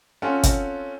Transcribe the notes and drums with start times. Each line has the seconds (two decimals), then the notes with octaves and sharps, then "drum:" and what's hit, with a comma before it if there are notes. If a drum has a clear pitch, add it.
0.22 C4 C#4 F4 A4 F#5 G#5
0.43 drum: kick, hi-hat